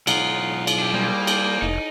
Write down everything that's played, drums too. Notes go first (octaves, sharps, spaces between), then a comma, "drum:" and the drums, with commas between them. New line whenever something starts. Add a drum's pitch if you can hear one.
B1 D#4 F4 F5 F#5, drum: cymbal
drum: cymbal
D4 G4
G3 A#3 G#4 C5 G5
drum: cymbal
F1 D#4